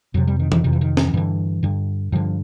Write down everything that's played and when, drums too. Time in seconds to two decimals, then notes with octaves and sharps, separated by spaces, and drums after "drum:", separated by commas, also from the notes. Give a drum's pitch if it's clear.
0.14 F2 C3 F#3
0.27 G3
0.39 D#3
0.52 D#3, drum: tom E3
0.64 F2 C3 D#3
0.73 E3
0.81 D#3
0.97 drum: snare
1.08 D#3
1.14 G2 D3 E3
1.63 G2 D3
2.12 G2 D3 F3